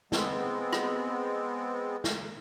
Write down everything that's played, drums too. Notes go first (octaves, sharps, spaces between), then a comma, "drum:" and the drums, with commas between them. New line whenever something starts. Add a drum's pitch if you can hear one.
G#3 B3 C4, drum: snare
drum: rim click
drum: snare